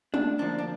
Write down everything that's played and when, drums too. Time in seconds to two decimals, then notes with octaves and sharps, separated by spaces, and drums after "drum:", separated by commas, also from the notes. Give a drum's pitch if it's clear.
0.14 D4, drum: tom G#3
0.38 D2 C3 F3 A#3 D4
0.58 D4